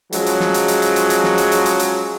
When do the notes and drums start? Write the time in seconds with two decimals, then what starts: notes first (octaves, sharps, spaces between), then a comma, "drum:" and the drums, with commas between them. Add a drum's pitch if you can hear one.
0.12 F3 F#3 G#3 C#4, drum: hi-hat
0.26 drum: hi-hat
0.40 drum: snare
0.54 drum: hi-hat
0.68 drum: hi-hat
0.82 drum: hi-hat
0.96 drum: hi-hat
1.10 drum: hi-hat
1.24 drum: snare
1.38 drum: hi-hat
1.52 drum: hi-hat
1.66 drum: hi-hat
1.79 drum: hi-hat